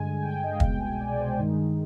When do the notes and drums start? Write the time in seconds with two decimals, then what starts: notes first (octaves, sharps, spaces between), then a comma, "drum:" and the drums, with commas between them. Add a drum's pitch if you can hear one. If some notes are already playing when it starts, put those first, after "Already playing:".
Already playing: G2 D3 G#3 G#5
0.13 G#5
0.22 G5
0.43 D#5
0.52 F5
0.60 C2 B2 G#3 G5, drum: kick
0.80 G#5
1.00 D5
1.20 C5
1.39 G2 D#3 G#3 D#4